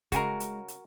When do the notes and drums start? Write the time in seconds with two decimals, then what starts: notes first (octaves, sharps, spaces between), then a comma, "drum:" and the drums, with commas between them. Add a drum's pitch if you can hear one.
0.12 C#3 G#3 F#4 A#4 G#5 A#5, drum: kick, hi-hat
0.40 drum: hi-hat
0.68 drum: hi-hat